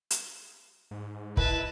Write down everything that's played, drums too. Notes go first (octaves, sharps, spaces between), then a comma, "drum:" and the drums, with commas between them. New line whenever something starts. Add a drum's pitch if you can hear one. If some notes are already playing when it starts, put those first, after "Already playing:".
drum: hi-hat
G#2
E4 B4 D#5 A5, drum: kick